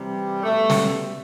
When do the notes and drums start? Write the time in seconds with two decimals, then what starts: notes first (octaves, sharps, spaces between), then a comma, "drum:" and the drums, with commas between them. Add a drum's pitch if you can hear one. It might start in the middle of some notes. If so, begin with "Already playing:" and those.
Already playing: C3 E3 G3
0.43 B2 G3 A3
0.70 drum: snare